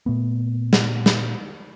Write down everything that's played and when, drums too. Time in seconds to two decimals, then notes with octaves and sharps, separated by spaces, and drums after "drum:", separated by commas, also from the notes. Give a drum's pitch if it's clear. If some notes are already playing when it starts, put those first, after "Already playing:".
0.06 A#2 A3 B3
0.73 drum: snare
1.06 drum: snare